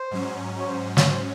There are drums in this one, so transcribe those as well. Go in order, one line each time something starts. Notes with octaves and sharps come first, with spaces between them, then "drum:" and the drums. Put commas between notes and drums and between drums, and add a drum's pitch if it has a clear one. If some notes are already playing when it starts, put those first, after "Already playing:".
Already playing: C5
G#2 F#3 C#4
C#5
C5
C#5, drum: snare
C5